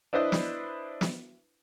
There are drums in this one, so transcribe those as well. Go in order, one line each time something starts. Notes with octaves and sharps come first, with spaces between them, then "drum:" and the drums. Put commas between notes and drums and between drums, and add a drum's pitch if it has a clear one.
D4 E4 B4 C5 D#5
drum: snare
drum: snare